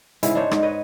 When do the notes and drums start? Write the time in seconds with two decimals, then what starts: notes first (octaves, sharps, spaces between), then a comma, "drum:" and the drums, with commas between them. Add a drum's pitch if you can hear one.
0.23 G#2 C#3 E3 E4, drum: hi-hat
0.35 D4 D#4 C5 C#5
0.51 G#2, drum: rim click
0.63 B4 C#5 D#5